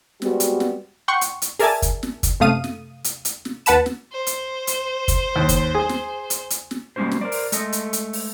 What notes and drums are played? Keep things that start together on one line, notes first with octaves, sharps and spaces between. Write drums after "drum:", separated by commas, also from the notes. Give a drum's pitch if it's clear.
G3 G#3 B3 C4 F#4, drum: snare
drum: hi-hat
drum: snare
F#5 G5 C6 C#6
drum: hi-hat
drum: hi-hat
G#4 A#4 D5 E5 G#5 A5, drum: open hi-hat
drum: kick, hi-hat
drum: snare
drum: kick, hi-hat
F#2 C3 A3 F5 D#6 D#7
drum: snare
drum: hi-hat
drum: hi-hat
drum: snare
D#2 B4 F#5 A5 B5 E7, drum: hi-hat
drum: snare
C5
drum: hi-hat
drum: hi-hat
drum: kick, hi-hat
D#2
drum: kick, hi-hat
G#4
drum: snare
drum: hi-hat
drum: hi-hat
drum: snare
G3 G#3 A#3 C#4 F#4 C5
drum: snare
A#4 C5 D5
drum: open hi-hat
G#3 A3 A4 D#5, drum: hi-hat
drum: hi-hat
drum: hi-hat
drum: open hi-hat